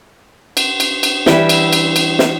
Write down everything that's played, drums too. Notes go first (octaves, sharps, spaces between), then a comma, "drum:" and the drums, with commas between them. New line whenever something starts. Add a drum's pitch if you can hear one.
drum: cymbal
drum: cymbal
drum: cymbal
E3 G3 E5 G5, drum: snare
drum: cymbal
drum: cymbal
drum: cymbal
drum: snare